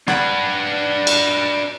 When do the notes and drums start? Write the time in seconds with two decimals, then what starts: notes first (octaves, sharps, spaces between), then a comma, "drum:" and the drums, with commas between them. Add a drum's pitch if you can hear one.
0.08 D4 B4 F#5 F#6 G#6, drum: rim click
1.07 drum: cymbal